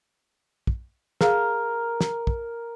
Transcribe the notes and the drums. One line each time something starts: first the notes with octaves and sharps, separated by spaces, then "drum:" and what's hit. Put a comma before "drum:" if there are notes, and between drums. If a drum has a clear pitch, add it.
drum: kick
G#4 A#4 F5, drum: snare
drum: snare
drum: kick